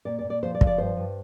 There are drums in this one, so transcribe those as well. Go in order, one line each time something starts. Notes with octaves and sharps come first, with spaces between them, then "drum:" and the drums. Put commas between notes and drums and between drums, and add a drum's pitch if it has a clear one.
A#2 D5
D5
A#2
D5
F3 C5
D5
F3, drum: kick
D5
G2 C5
G2